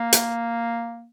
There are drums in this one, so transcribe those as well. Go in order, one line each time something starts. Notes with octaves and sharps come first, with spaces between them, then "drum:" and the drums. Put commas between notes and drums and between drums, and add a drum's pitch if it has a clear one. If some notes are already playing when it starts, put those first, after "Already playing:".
Already playing: A#3
drum: hi-hat